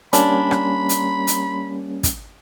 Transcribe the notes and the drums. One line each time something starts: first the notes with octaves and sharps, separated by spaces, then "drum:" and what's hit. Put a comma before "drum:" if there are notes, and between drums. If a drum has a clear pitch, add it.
G3 A#3 C#4 D4 B5, drum: hi-hat
drum: rim click
drum: hi-hat
drum: hi-hat
drum: kick, hi-hat